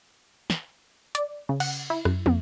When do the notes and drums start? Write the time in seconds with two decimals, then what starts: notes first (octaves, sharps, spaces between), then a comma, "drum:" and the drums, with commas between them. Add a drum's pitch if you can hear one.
0.50 drum: snare
1.15 D5, drum: hi-hat
1.49 C#3
1.60 F#5, drum: cymbal
1.90 E4
2.05 F#2, drum: rim click
2.26 F2, drum: tom